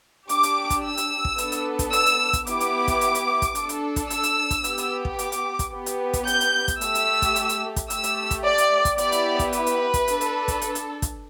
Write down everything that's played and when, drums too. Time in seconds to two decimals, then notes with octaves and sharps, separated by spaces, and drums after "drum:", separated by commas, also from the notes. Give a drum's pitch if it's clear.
0.29 D4 G4 D6, drum: hi-hat
0.43 drum: hi-hat
0.70 drum: kick, hi-hat
0.84 E6
0.97 drum: hi-hat
1.25 drum: kick
1.38 B3 D4 A4, drum: hi-hat
1.52 drum: hi-hat
1.79 drum: kick, hi-hat
1.93 E6, drum: hi-hat
2.06 drum: hi-hat
2.33 drum: kick, hi-hat
2.47 B3 E4 G4 D6, drum: hi-hat
2.60 drum: hi-hat
2.88 drum: kick, hi-hat
3.01 drum: hi-hat
3.15 drum: hi-hat
3.42 drum: kick, hi-hat
3.55 D4 A4, drum: hi-hat
3.69 drum: hi-hat
3.96 drum: kick, hi-hat
4.10 E6, drum: hi-hat
4.23 drum: hi-hat
4.50 drum: kick, hi-hat
4.64 B3 G4, drum: hi-hat
4.78 drum: hi-hat
5.05 drum: kick
5.19 D6, drum: hi-hat
5.32 drum: hi-hat
5.59 drum: kick, hi-hat
5.72 B3 G4
5.86 drum: hi-hat
6.13 drum: kick, hi-hat
6.27 G6, drum: hi-hat
6.41 drum: hi-hat
6.68 drum: kick, hi-hat
6.81 A3 G4 E6, drum: hi-hat
6.95 drum: hi-hat
7.22 drum: kick, hi-hat
7.36 drum: hi-hat
7.49 drum: hi-hat
7.76 drum: kick, hi-hat
7.90 A3 G4 E6, drum: hi-hat
8.04 drum: hi-hat
8.31 drum: kick, hi-hat
8.45 D5
8.58 drum: hi-hat
8.85 drum: kick, hi-hat
8.98 B3 E4 G4 D5, drum: hi-hat
9.12 drum: hi-hat
9.39 drum: kick, hi-hat
9.53 B4, drum: hi-hat
9.66 drum: hi-hat
9.94 drum: kick, hi-hat
10.08 D4 A4, drum: hi-hat
10.21 drum: hi-hat
10.48 drum: kick, hi-hat
10.62 drum: hi-hat
10.75 drum: hi-hat
11.02 drum: kick, hi-hat